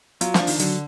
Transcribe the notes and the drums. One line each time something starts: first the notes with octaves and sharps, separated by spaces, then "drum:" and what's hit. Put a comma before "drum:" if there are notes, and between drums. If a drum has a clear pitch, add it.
F#3 F4, drum: hi-hat
F3, drum: snare
D4
D#3, drum: open hi-hat
D3 F#3, drum: hi-hat